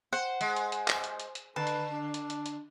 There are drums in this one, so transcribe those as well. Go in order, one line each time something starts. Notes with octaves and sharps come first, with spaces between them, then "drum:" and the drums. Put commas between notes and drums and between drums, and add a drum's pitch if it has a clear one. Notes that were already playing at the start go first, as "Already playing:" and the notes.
C5 F#5
G#3 C5, drum: hi-hat
drum: hi-hat
drum: hi-hat
drum: clap
drum: hi-hat
drum: hi-hat
drum: hi-hat
D3 B4 A5
drum: hi-hat
D4
drum: hi-hat
drum: hi-hat
drum: hi-hat